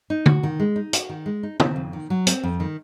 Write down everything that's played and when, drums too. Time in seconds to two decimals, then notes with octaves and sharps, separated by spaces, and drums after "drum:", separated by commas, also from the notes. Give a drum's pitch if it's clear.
0.10 D#4
0.26 F#4, drum: tom D3
0.43 D#3
0.60 G#3
0.76 D#4
0.93 F#4, drum: hi-hat
1.09 D#3
1.26 G#3
1.43 D#4
1.60 C4, drum: tom
1.76 F2
1.93 D#3
2.10 F#3
2.27 C4, drum: hi-hat
2.43 F2
2.60 D#3